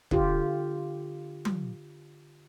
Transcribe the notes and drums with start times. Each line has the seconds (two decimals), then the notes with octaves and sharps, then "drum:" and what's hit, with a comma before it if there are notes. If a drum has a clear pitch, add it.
0.11 D3 F4 G4, drum: kick
1.45 drum: tom F#3